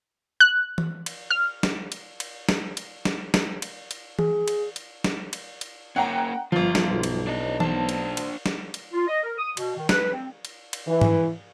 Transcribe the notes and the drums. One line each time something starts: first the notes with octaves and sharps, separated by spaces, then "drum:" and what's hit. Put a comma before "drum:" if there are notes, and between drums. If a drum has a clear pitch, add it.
F#6
drum: tom E3
drum: cymbal
F6
drum: snare
drum: cymbal
drum: cymbal
drum: snare
drum: cymbal
drum: snare
drum: snare
drum: cymbal
drum: cymbal
G#4, drum: tom E3
drum: cymbal
drum: cymbal
drum: snare
drum: cymbal
drum: cymbal
A#3 C#4 F#5 G5 A#5
G1 F3 F4
drum: snare
B1
drum: cymbal
D4 D#5
D4 C5 A5, drum: tom E3
drum: cymbal
drum: cymbal
drum: snare
drum: cymbal
F4
D#5
A#4
D#6
B2, drum: cymbal
D#3
B4, drum: snare
C4
drum: cymbal
drum: cymbal
E3
drum: tom